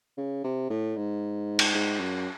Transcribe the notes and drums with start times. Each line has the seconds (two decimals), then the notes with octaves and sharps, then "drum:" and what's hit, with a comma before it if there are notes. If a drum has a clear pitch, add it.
0.17 C#3
0.44 C3
0.70 A2
0.96 G#2
1.59 drum: cymbal
1.75 G#2
2.00 F#2